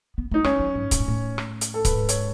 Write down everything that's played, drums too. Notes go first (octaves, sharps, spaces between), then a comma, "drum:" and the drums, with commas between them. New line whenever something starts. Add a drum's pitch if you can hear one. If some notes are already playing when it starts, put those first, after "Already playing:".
B3
A3 D#4
G#3 C#4, drum: rim click
F#3
G#2
A2, drum: kick C#1, hi-hat
G#2
A2
drum: rim click
drum: hi-hat
A4
G#2 B4, drum: kick C#1, hi-hat
C#5, drum: hi-hat